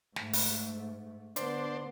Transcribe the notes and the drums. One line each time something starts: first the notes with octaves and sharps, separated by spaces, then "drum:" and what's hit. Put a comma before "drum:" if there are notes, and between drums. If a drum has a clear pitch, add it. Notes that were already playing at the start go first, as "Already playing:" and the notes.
G#2 A3, drum: snare
drum: open hi-hat
D3 B3 D4 C5, drum: hi-hat